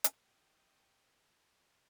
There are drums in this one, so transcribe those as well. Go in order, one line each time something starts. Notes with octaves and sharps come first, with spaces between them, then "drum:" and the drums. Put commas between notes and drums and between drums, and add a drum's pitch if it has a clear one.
drum: hi-hat
D#5 G5